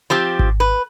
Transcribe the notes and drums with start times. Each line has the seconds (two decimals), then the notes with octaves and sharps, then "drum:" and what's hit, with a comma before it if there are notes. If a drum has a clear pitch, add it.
0.10 F3 C4 G4
0.39 drum: kick G#1
0.60 B4